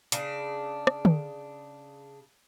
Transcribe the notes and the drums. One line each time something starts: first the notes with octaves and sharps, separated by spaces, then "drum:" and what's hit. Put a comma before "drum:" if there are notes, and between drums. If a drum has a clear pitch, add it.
C#3 D4, drum: hi-hat
drum: rim click
drum: tom D3